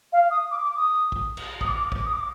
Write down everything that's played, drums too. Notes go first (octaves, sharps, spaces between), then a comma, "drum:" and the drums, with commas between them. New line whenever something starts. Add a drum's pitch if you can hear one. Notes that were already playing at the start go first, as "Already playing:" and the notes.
F5
D#6
D6
D6
D#6
drum: kick A1
drum: cymbal
D#6, drum: kick A1
D6
D6
D6, drum: kick A1
D#6
D6